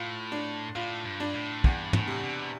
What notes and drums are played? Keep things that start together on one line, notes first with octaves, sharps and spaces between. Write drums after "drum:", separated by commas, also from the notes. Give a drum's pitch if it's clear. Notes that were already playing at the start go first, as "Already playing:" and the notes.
Already playing: A2 F4
D4
A2 F4
G2
D4
A2
E2 G2, drum: kick
A2, drum: tom
C3
B2